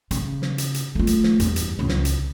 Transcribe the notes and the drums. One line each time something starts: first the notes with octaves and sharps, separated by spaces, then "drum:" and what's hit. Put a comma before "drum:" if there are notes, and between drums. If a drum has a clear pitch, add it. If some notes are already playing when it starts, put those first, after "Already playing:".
C#3, drum: hi-hat
drum: snare
drum: hi-hat
drum: hi-hat
A3 F4
drum: hi-hat
drum: snare
E2 G2, drum: hi-hat
drum: hi-hat
C#2 C#3
drum: snare
drum: hi-hat